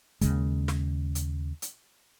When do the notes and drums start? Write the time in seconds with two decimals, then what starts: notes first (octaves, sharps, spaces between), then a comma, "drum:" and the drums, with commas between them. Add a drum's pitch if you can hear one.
0.21 D#2 C#3 G#3, drum: kick, hi-hat
0.68 drum: snare
1.15 drum: hi-hat
1.62 drum: hi-hat